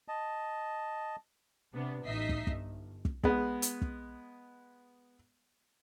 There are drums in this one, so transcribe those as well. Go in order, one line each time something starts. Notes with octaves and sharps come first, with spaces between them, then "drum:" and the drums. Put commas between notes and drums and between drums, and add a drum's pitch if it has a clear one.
D#5 A5
C3 B3 D4
A1 D#4 D#5 E5 B6 C7
drum: kick
G1, drum: kick
drum: kick
G#3 B3, drum: kick
drum: hi-hat
drum: kick